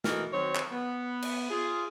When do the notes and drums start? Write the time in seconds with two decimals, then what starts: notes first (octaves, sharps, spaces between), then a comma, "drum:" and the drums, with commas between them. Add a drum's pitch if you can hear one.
0.04 E3 A3 D#4 F#4 A#4, drum: snare
0.32 D#3 F#3 C4 C#5
0.55 drum: clap
0.72 B3
1.22 drum: cymbal
1.50 F4 G#4